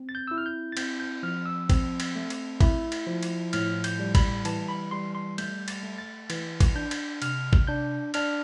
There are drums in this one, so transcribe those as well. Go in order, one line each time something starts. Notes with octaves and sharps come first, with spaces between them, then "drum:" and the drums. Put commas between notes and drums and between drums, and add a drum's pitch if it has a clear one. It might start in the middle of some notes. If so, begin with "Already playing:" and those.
Already playing: C4
A6
G6
E4 E6
F6
G6
A6
C4 G6, drum: cymbal
G6
F3 F6
E6
C4, drum: kick G#1, cymbal
drum: cymbal
A3
drum: cymbal
E4, drum: kick G#1, cymbal
drum: cymbal
F3
drum: cymbal
A2 F6, drum: cymbal
G6, drum: cymbal
G3
B5, drum: kick G#1, cymbal
E3 A5, drum: cymbal
B5
G3 C6
C6
A3 G6, drum: cymbal
A6, drum: cymbal
A3
A6
E3 A6, drum: cymbal
drum: kick G#1, cymbal
D4 G6
drum: cymbal
C3 F6, drum: cymbal
drum: kick G#1
D4 G6
D4 F6, drum: cymbal